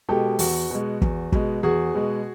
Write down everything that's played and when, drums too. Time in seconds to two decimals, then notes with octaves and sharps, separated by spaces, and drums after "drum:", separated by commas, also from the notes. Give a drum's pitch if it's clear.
0.09 B2 G#3 G4 A4
0.39 E2 F#4, drum: open hi-hat
0.70 B2 G#3
1.02 E2, drum: kick
1.32 B2 G#3, drum: kick
1.63 E2 F#4 G#4
1.94 B2 G#3